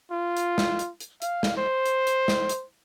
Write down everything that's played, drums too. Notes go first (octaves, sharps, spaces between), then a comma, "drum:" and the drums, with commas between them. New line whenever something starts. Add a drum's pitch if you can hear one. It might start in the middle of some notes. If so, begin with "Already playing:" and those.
F4
drum: hi-hat
drum: snare
drum: hi-hat
drum: hi-hat
F5, drum: hi-hat
drum: snare
C5
drum: hi-hat
drum: hi-hat
drum: snare
drum: hi-hat